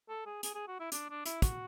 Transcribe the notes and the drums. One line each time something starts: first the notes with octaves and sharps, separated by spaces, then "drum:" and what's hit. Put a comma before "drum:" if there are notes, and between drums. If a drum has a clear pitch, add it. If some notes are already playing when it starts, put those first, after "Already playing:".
A4
G#4
G#4, drum: hi-hat
G#4
F#4
E4
D4, drum: hi-hat
D4
E4, drum: hi-hat
F#4, drum: kick, hi-hat